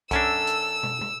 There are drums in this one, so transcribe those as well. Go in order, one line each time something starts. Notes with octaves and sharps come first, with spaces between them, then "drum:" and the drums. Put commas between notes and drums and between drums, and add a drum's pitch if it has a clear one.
F#2 C#4 D4 A4 E6, drum: kick C2, hi-hat
drum: hi-hat
drum: tom
drum: tom